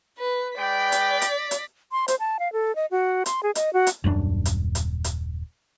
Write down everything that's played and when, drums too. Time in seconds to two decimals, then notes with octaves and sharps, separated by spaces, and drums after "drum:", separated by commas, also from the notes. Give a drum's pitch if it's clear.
0.18 B4
0.58 G#3 B4 D5 G5 B6
0.92 drum: hi-hat
1.21 drum: hi-hat
1.51 drum: hi-hat
1.92 C6
2.08 C5, drum: hi-hat
2.20 A5
2.39 F5
2.53 A4
2.76 D#5
2.91 F#4
3.26 C6, drum: hi-hat
3.43 G#4
3.55 D#5, drum: hi-hat
3.73 F#4
3.87 drum: hi-hat
4.04 D#1 F#2 F#3 D4
4.45 drum: hi-hat
4.75 drum: hi-hat
5.04 drum: hi-hat